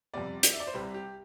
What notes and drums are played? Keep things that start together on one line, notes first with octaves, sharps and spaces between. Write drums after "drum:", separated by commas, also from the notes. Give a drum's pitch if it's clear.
F2 C3 G3 B3 D5
drum: hi-hat
E5
D5
C5
C2 C3 G3 B4
G4